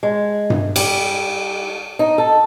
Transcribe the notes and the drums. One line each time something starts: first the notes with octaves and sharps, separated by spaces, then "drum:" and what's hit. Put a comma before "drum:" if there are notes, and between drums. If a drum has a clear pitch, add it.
G#3
drum: tom G2
G3, drum: cymbal
D#4
A4